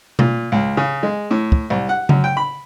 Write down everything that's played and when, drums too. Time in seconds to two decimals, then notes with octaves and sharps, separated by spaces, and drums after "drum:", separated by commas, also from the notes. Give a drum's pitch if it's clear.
0.19 A#2, drum: tom B2
0.52 C#2
0.77 C#3
1.03 G#3
1.31 A2
1.52 drum: kick
1.70 C2
1.89 F#5
2.09 F#2, drum: tom C#3
2.24 G5
2.37 B5